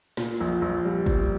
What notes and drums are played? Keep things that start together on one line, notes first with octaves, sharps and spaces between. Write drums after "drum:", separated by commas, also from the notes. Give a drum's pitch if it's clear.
A#2, drum: snare
A#1
A#1
G3
A#2, drum: kick